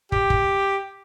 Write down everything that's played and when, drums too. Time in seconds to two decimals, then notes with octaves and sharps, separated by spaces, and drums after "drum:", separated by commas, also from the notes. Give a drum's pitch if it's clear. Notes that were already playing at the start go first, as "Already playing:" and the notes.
0.12 G4, drum: kick
0.30 drum: kick